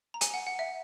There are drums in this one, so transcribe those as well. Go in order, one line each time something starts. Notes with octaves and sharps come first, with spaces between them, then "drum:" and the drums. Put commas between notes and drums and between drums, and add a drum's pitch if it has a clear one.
A#5
G#5, drum: hi-hat
F#5
F#5
E5